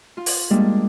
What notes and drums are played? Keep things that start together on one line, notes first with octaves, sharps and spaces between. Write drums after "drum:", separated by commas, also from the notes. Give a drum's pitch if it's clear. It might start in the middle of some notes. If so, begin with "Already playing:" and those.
F4
drum: open hi-hat
G3 G#3 A#3 D4